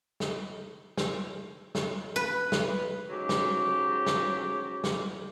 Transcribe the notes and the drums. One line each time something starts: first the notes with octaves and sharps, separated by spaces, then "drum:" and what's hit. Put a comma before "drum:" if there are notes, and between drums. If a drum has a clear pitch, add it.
drum: snare
drum: snare
drum: snare
B4
drum: snare
G#2 C#3 F#3 G4
drum: snare
drum: snare
drum: snare